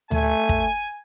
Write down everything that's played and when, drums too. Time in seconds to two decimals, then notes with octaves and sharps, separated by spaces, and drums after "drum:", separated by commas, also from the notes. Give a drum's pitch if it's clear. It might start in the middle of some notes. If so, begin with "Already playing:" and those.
0.11 A3 G#5, drum: tom D2
0.49 drum: kick